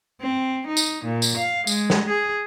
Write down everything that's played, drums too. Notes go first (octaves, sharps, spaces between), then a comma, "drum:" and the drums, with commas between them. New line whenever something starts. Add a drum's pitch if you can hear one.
C4
D#4
drum: tambourine
A#2
drum: tambourine
F5
G#3, drum: tambourine
drum: snare
G#4